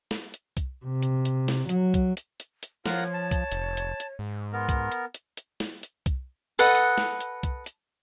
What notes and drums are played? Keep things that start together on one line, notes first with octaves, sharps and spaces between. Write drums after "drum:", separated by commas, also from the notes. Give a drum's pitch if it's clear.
drum: snare
drum: hi-hat
drum: kick C2, hi-hat
C3
drum: hi-hat
drum: hi-hat
drum: snare
F#3, drum: hi-hat
drum: kick C2, hi-hat
drum: hi-hat
drum: hi-hat
drum: hi-hat
F3 F4 A#4 C#5 F#5, drum: snare
A5
drum: kick C2, hi-hat
F1, drum: hi-hat
drum: hi-hat
drum: hi-hat
G#2
B3 A#4 C6
drum: kick C2, hi-hat
drum: hi-hat
drum: hi-hat
drum: hi-hat
drum: snare
drum: hi-hat
drum: kick C2, hi-hat
A4 B4 D#5 F#5
drum: hi-hat
drum: snare
drum: hi-hat
drum: kick C2, hi-hat
drum: hi-hat